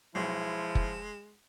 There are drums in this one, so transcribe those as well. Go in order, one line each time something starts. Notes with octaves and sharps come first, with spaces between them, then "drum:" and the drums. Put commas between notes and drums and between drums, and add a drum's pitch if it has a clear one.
B1 F3 G#3 E4
drum: kick